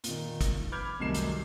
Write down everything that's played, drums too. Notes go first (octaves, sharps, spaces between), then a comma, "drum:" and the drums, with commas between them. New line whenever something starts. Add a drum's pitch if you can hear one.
A#2 D#3, drum: hi-hat
drum: kick, hi-hat
B5 D6 F6 G6 G#6
C2 F#2 D#3 A3 C7 E7
drum: hi-hat